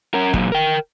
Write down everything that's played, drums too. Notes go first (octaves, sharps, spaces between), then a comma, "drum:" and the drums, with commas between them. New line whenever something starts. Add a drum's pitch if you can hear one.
C#4 A#4
A#2 F#3, drum: kick
A#4 G5